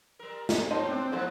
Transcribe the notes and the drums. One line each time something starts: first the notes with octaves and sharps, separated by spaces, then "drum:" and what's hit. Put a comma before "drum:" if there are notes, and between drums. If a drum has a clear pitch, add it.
G3 A#4
drum: snare
G#2 D#4 C5 C#5 D#5 A5
C4 D4
D3 F3 G#3 E4 C5